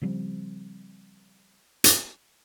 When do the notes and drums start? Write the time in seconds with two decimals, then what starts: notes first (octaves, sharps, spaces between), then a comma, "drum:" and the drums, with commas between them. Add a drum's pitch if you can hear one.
0.01 C#3 F3 G3 C4
1.84 drum: hi-hat